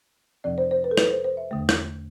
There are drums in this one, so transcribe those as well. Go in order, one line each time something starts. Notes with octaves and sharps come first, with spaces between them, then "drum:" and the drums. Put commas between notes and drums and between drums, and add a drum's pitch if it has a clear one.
F2 C3 F3 C4 D5
C5
C5
B4
A4
B4, drum: rim click
C5
C5
E5
E2 D3 A3
drum: rim click